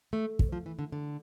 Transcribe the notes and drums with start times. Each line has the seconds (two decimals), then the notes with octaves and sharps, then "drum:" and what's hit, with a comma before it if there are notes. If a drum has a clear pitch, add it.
0.13 A3
0.39 drum: kick
0.52 F3
0.66 E3
0.79 D3
0.92 D3